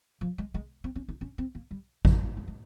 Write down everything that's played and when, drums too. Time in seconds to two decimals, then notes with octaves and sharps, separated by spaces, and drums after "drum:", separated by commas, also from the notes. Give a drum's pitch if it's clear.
0.21 F3
0.38 G#3
0.54 G#3
0.84 C4
0.95 C#4
1.08 D#4
1.21 C#4
1.38 C4
1.55 A#3
1.71 G3
2.05 F3, drum: kick G#1
2.21 G3
2.37 G#3
2.48 G#3